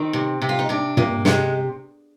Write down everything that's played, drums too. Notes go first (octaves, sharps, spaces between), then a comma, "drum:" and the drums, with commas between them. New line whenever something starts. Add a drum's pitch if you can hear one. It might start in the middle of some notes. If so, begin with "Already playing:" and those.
Already playing: D#3 C4
C3
C3
F4
D#4
C3 D4
C3 A#3, drum: tom
C3 G#3, drum: snare